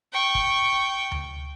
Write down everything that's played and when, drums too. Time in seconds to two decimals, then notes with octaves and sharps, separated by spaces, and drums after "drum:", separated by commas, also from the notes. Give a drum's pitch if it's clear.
0.13 G5 C#6
0.35 drum: kick
1.12 drum: tom D2